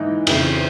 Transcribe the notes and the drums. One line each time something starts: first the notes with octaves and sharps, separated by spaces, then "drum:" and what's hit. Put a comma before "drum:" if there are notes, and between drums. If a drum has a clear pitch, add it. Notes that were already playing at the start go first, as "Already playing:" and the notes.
Already playing: G#2 E3 D#4
F2 C#3 E3, drum: cymbal